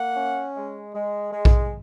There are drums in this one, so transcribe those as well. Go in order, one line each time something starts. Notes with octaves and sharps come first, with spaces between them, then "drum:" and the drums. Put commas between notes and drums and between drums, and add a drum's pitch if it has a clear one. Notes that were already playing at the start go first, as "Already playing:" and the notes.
Already playing: A#3 F#5
C#4
G#3
G#3
G#3
drum: kick A#1